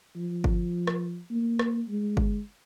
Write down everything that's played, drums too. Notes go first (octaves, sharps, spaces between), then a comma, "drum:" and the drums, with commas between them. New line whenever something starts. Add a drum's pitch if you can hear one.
F3
drum: kick G1
drum: rim click
A#3
drum: rim click
G#3
drum: kick G1